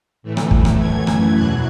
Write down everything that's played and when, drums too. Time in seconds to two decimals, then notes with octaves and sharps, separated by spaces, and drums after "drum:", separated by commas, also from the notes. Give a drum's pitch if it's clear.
0.23 A2 E3 A3
0.37 drum: rim click
0.51 drum: kick
0.65 drum: rim click
0.79 F#2 E3 A3 G#6
1.07 drum: rim click
1.35 E2 B2 F#3 F#6